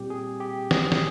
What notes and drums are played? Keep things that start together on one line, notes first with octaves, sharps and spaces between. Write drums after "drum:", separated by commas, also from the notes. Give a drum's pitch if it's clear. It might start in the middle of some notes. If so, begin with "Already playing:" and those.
Already playing: A#2 G3 C4 G4
G#4
G4
G#4, drum: snare
G#4, drum: snare